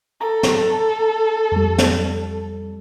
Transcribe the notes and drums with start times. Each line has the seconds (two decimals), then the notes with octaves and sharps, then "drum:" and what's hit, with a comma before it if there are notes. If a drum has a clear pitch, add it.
0.21 A4 A#5
0.43 drum: snare
1.52 F2 G3
1.78 drum: snare